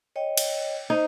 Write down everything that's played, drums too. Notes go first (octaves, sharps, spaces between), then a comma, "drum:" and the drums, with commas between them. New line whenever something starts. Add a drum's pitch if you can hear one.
C#5 D#5 G5
drum: cymbal
D#4 C5